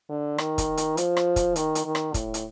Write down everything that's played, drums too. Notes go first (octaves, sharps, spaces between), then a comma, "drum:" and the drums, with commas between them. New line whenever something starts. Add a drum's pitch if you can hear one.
D3
D#3, drum: rim click
drum: kick, hi-hat
drum: hi-hat
F3, drum: hi-hat
drum: rim click
drum: kick, hi-hat
D#3, drum: hi-hat
drum: hi-hat
D#3
drum: rim click
A2, drum: kick, hi-hat
drum: hi-hat